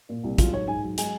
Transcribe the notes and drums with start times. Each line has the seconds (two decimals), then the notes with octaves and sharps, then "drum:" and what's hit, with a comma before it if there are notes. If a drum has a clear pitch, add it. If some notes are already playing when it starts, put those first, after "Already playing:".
0.09 A#2
0.24 C2
0.38 F#3 F4, drum: kick, hi-hat
0.53 G#2 C#5
0.67 G#2 G#5
0.83 F#3
0.98 G#3 G#5, drum: hi-hat